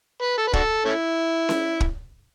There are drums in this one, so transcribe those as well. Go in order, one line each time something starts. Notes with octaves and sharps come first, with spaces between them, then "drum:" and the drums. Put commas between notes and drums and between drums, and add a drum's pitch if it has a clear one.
B4
A4
B4
D4 F#4 A4, drum: kick
A3 C#4 E4
drum: snare C#4
drum: kick